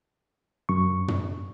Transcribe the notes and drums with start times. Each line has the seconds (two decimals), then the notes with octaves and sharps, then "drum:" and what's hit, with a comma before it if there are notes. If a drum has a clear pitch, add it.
0.69 F#2 C#6
1.08 drum: tom